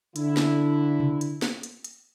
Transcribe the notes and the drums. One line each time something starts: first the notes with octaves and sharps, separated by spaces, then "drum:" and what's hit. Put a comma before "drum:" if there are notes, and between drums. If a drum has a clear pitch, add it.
D3 E4, drum: hi-hat
drum: snare
drum: tom C3
drum: hi-hat
drum: snare
drum: hi-hat
drum: hi-hat